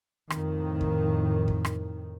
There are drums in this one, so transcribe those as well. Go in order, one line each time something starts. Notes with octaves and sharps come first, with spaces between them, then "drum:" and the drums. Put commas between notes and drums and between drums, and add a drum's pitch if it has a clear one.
F2 A2 D#3, drum: rim click
drum: kick
drum: kick
drum: rim click